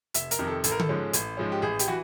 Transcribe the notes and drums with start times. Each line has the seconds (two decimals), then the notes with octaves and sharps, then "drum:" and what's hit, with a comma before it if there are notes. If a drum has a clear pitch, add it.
0.14 F1 E5, drum: hi-hat
0.31 A#4, drum: hi-hat
0.39 F2 C3 D#3
0.47 A4
0.64 A1 A4, drum: hi-hat
0.72 A#4
0.80 A4, drum: tom D3
0.89 G#2 F3 G#3 C#4
1.13 A1, drum: hi-hat
1.37 G#2 F3 G#3 C#4
1.52 G4
1.62 A1 G#4
1.79 G4, drum: hi-hat
1.87 E3 F#4